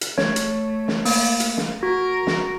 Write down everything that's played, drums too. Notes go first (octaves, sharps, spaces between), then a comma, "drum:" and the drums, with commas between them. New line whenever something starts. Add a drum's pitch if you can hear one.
drum: hi-hat
A3 C#5, drum: snare
drum: hi-hat
drum: snare
A#3, drum: open hi-hat
drum: hi-hat
drum: snare
F#4 A#4
drum: snare